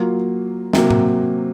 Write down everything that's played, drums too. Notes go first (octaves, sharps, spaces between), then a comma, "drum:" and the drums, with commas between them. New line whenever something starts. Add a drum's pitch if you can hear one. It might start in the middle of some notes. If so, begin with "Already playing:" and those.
Already playing: F#3 A#3 F4
C3 F#3 A#3, drum: snare
drum: tom A2